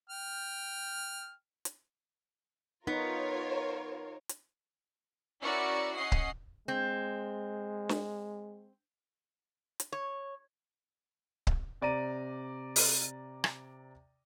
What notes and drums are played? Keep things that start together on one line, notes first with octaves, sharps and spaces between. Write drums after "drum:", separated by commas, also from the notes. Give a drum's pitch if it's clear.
G5 F6
drum: hi-hat
B3 D#4 F4 A#4 C#5
drum: hi-hat
C#4 E4 F#4 A#4 D5 C#7
C#4 D#5 F#5 C7
drum: kick C#1
G#3 C4
drum: snare
drum: hi-hat
C#5
drum: kick C#1
C3 D5 A#5 D#7
drum: open hi-hat
drum: rim click